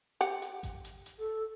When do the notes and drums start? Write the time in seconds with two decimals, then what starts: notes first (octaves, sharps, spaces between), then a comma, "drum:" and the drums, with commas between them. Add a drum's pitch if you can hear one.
0.21 G4 F#5, drum: hi-hat
0.42 drum: hi-hat
0.63 drum: kick A1, hi-hat
0.85 drum: hi-hat
1.06 drum: hi-hat
1.18 A4